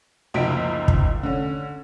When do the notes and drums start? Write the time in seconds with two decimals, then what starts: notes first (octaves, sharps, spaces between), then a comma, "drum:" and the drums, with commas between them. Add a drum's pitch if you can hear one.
0.34 F#1 C#2 F3 D#4 B6 D7
0.88 drum: kick
1.23 D3 C#4